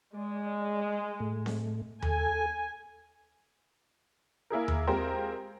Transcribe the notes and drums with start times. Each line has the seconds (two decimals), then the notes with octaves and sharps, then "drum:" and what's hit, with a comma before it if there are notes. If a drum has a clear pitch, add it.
0.14 G#3 D5
1.20 A2 A3
1.46 drum: snare C4
2.02 A4 G#5, drum: tom D#2
4.50 A#3 E4 G#4 A#4
4.68 drum: tom D#2
4.87 G#3 C4 F4 G4 A#4 C5